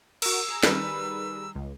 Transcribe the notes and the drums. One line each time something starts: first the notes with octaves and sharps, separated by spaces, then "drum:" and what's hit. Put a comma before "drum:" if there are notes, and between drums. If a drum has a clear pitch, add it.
F#4 A#4 E6, drum: cymbal
G#4 A#5
D#3 G3 B4, drum: snare
C#2